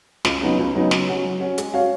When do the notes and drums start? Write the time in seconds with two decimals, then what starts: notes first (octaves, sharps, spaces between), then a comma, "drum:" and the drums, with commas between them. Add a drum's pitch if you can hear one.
0.25 C#2, drum: snare
0.41 C#3 F#3 B3 D#4
0.59 C#2
0.74 C#3 F#3 B3 D#4
0.91 F#3, drum: snare
1.08 C#4 F#4
1.25 F#3
1.40 C#4 F#4
1.58 G#3, drum: hi-hat
1.74 C#4 F#4 C#5 F5